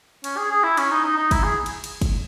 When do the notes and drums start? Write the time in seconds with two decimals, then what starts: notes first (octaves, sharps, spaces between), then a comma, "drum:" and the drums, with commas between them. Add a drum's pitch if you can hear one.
0.24 C#4, drum: cymbal
0.37 G#4
0.51 G#4
0.63 E4
0.77 C#4, drum: cymbal
0.91 D#4
1.03 D#4
1.17 D#4
1.31 E4, drum: kick, cymbal
1.43 G#4
1.66 drum: cymbal
1.84 drum: cymbal
2.01 drum: kick, cymbal